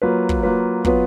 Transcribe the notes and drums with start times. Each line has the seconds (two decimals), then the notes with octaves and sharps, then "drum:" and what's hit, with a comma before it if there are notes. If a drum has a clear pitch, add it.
0.02 F#3 A#3 F4 B4
0.29 drum: kick
0.43 F#3 A#3 F4 B4
0.85 F#3 B3 F4 B4, drum: kick